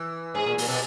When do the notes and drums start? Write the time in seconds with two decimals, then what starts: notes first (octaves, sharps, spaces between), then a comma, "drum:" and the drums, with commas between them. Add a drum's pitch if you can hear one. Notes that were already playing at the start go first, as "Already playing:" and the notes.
Already playing: E3
0.35 G#2 G#4
0.46 A#2
0.58 A#2, drum: open hi-hat
0.68 B2